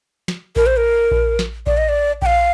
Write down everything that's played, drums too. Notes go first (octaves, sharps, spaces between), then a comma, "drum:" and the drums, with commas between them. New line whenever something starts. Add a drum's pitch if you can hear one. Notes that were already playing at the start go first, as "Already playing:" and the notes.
drum: snare
A#4, drum: kick A#1
C5
A#4
drum: kick A#1
drum: snare
D5, drum: kick A#1
D#5
D5
G5, drum: kick A#1
F5